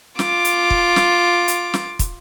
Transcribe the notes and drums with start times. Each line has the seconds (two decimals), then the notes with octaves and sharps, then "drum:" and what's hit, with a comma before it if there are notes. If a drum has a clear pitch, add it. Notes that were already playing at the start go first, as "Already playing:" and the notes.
0.19 F4 D6, drum: snare
0.45 drum: hi-hat
0.70 drum: kick
0.96 drum: snare
1.48 drum: hi-hat
1.74 drum: snare
1.99 drum: kick, hi-hat